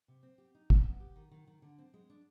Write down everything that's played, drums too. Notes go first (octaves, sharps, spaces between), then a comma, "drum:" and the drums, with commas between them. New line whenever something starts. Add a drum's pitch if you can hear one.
C3
C4
G4
D#4
B3, drum: kick
B3
G4
D#3
D#3
D#3
D3
C4
G#3
D4